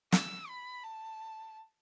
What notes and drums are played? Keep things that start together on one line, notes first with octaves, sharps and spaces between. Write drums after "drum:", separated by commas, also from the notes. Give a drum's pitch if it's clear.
E6, drum: snare
B5
A5